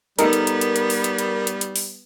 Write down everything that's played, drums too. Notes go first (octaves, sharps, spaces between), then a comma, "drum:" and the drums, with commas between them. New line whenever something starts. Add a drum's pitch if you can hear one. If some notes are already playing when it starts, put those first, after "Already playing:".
G3 B3 D#4 A4 A#4, drum: hi-hat
drum: hi-hat
drum: hi-hat
drum: hi-hat
drum: hi-hat
drum: open hi-hat
drum: hi-hat
drum: hi-hat
drum: hi-hat
drum: hi-hat
drum: open hi-hat